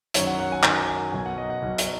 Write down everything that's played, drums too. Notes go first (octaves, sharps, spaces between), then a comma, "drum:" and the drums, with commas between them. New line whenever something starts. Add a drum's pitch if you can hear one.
F#2 D#3 F#3 C#5, drum: hi-hat
F#5
F#5
G#5
F#2 D#3 F#3 G#5, drum: clap
G#5
B1 B2 F#3 G#5
F#5
D#5
F#5
B1 B2 F#3
drum: hi-hat